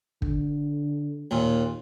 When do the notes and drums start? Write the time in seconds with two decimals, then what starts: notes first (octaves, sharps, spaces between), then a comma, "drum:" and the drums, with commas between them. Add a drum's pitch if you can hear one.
0.22 D3, drum: kick
1.31 D#2 A#2